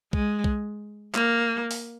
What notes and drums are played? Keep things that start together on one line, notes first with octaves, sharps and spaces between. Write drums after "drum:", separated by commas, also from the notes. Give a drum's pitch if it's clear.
G#3, drum: kick
drum: kick
A#3, drum: clap
drum: open hi-hat